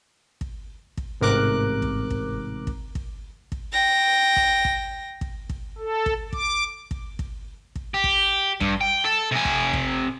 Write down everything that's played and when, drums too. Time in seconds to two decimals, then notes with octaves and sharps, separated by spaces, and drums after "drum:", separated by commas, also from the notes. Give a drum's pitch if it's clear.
0.41 drum: kick
0.97 drum: kick
1.21 A1 G#2 C3 A#4 D6 F#6
1.82 drum: kick
2.10 drum: kick
2.67 drum: kick
2.95 drum: kick
3.52 drum: kick
3.72 G5 A#6
4.36 drum: kick
4.65 drum: kick
5.21 drum: kick
5.49 drum: kick
5.78 A4
6.06 drum: kick
6.33 D6, drum: kick
6.91 drum: kick
7.19 drum: kick
7.76 drum: kick
7.94 G4
8.04 drum: kick
8.60 G2, drum: kick
8.81 G5
9.04 A4
9.31 C3 G#5
9.45 drum: kick
9.73 drum: kick